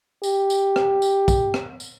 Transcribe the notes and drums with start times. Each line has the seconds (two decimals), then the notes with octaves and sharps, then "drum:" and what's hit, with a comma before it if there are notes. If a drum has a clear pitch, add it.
0.24 G4, drum: tambourine
0.50 drum: tambourine
0.76 drum: rim click
1.02 drum: tambourine
1.28 drum: kick, tambourine
1.54 drum: rim click
1.80 drum: tambourine